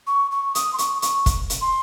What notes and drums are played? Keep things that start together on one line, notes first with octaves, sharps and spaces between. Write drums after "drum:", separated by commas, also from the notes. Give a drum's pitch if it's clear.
C#6
C#6
D#6, drum: hi-hat
C6
C#6, drum: hi-hat
C#6, drum: hi-hat
drum: kick, hi-hat
drum: hi-hat
C6